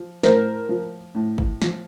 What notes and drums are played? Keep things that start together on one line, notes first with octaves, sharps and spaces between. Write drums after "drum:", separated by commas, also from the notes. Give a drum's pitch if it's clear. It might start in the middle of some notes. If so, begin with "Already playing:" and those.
Already playing: F3
A2 A#4 C5, drum: snare
F3
A2
drum: kick
F3, drum: snare